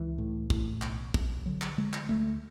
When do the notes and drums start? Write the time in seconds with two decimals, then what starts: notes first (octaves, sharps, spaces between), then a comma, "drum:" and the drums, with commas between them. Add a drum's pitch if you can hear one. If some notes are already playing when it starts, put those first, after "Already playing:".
Already playing: C#2 E3
0.18 A2
0.50 A2, drum: kick
0.82 B1, drum: clap
1.14 B1, drum: kick
1.46 D3 F#3
1.61 drum: clap
1.77 D3 G#3
1.93 drum: clap
2.09 D2 A3